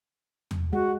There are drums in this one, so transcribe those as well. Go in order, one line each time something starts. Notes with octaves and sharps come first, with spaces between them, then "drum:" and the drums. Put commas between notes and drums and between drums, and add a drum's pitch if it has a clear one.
drum: tom E2
G#3 F#4 F#5